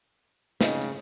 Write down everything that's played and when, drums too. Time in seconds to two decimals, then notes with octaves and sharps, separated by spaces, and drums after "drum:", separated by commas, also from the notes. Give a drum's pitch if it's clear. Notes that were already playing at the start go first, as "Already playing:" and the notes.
0.61 C#3 C4 D#4, drum: snare
0.82 drum: hi-hat